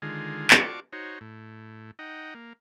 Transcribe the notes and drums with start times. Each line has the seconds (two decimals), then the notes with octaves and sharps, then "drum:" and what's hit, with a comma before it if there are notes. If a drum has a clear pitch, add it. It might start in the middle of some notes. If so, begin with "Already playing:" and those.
0.02 D3 D#3 G#3 F4 G#4
0.51 drum: clap
0.60 F4 F#4 D5 A5 C#6 D6
0.93 D#4 F#4 C5 C#5
1.21 A2
1.99 D#4 D#5 F#5 G5
2.35 A#3